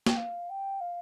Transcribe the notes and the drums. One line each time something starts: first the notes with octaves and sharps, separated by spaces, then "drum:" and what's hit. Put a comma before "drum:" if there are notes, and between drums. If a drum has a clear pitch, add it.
G5, drum: snare
F5
G5
F5